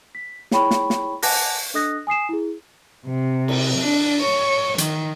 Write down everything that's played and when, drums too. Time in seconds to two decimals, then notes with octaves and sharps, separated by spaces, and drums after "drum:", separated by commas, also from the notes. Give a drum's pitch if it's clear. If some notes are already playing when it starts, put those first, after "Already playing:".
0.15 B6
0.51 E4 G#4 C#5 G5 B5 C#6, drum: snare
0.71 drum: snare
0.90 drum: snare
1.22 F#5 G#5 A5 D6 F#6 A#6, drum: open hi-hat
1.74 D4 A4 D#5 D#6 F#6 A#6
2.07 G#5 D#6 C7 E7
2.29 E4 G#4
3.07 C3
3.48 drum: cymbal
3.79 D4
4.22 C#5
4.78 D#3, drum: hi-hat